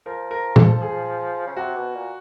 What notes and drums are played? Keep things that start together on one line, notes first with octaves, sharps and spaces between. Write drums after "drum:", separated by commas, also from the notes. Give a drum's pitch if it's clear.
F3 A#4
A#4
A4, drum: tom A#2
G#4
C#3
C3 F#4
B2
A#2